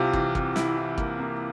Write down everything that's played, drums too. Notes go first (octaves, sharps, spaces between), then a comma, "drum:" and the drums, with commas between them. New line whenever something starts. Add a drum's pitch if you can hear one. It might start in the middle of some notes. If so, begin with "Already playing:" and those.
Already playing: C2 C3 F4
E3, drum: kick
C3, drum: kick
E3 E4, drum: snare
E3
A#3, drum: kick
A#3